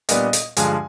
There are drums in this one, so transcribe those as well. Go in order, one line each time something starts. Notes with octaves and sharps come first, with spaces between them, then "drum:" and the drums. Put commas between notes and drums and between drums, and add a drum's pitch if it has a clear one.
A#2 G3 B3 D4 D#5, drum: hi-hat
drum: hi-hat
G2 D3 F3 G#3 G#5, drum: hi-hat